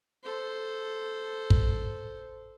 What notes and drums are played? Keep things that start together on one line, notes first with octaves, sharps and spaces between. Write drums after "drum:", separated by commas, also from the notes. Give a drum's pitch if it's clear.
A4 C5
drum: kick